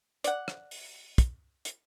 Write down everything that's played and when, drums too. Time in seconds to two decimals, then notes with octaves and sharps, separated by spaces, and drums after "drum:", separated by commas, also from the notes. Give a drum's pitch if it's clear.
0.24 D5 F#5, drum: hi-hat
0.48 drum: rim click
0.71 drum: open hi-hat
1.18 drum: kick, hi-hat
1.65 drum: hi-hat